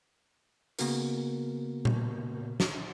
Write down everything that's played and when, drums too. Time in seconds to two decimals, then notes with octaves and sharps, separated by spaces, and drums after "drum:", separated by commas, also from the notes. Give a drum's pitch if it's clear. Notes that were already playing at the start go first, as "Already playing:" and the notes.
0.79 C#3 A#3 B3 F#4 A#4, drum: hi-hat
1.85 drum: tom A#2
2.60 drum: snare